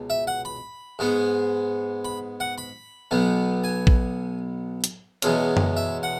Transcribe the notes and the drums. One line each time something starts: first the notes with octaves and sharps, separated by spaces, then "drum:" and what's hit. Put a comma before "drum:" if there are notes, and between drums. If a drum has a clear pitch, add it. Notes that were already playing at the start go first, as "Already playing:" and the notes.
Already playing: C#2 B2
E5
F#5
B5
G#2 G#3 B3
B5
F#5
B5
B1 B2 B3
G#5
drum: kick
drum: hi-hat
E2 B2 G#3 C#4, drum: hi-hat
drum: tom F#2
E5
F#5